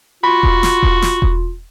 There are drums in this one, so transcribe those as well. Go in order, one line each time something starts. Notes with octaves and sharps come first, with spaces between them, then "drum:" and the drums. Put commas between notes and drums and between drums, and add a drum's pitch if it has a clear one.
F4 F#4 B5
drum: kick E1
drum: snare
drum: kick E1
drum: snare
drum: kick E1